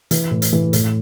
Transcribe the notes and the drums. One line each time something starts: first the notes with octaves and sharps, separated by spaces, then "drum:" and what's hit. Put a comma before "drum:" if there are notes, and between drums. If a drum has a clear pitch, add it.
E3, drum: hi-hat
A2
drum: hi-hat
E3
A2, drum: hi-hat